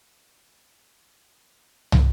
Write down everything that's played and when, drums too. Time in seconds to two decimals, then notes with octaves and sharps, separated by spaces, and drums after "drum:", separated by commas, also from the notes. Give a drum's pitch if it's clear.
0.15 G#5 B5 C6
1.92 drum: tom